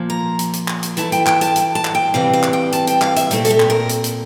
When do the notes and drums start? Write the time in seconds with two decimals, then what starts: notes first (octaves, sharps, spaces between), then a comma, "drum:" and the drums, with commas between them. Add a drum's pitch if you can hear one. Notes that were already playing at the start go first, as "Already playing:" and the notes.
Already playing: A#2 F3 A#3
0.10 A#5
0.39 drum: hi-hat
0.53 drum: hi-hat
0.68 drum: clap
0.83 drum: hi-hat
0.97 E3 A3 E4 A5, drum: hi-hat
1.12 G5, drum: hi-hat
1.26 G5, drum: clap
1.41 A5, drum: hi-hat
1.56 drum: hi-hat
1.75 A5
1.85 drum: clap
1.95 G5
2.14 C3 E3 G3 C4 F5
2.33 F5
2.43 drum: clap
2.53 G5
2.73 A5, drum: hi-hat
2.87 G5, drum: hi-hat
3.01 F5, drum: clap
3.16 E5, drum: hi-hat
3.31 A#2 A3 C4 G4, drum: hi-hat
3.45 A4, drum: hi-hat
3.50 G4
3.60 drum: clap
3.70 A#4
3.89 drum: hi-hat
4.04 drum: hi-hat